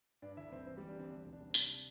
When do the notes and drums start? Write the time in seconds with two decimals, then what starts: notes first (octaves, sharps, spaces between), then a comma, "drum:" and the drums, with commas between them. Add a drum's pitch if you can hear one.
0.22 G2 D4 D5
0.37 G1 E4 E5
0.52 G1 C4 C5
0.66 E3 C4 C5
0.77 G3 G4
0.81 E2
0.89 D4
0.96 E2 C4
1.11 D2 D4
1.25 E1
1.33 D4
1.40 G3
1.51 C4
1.54 C3 D4, drum: tambourine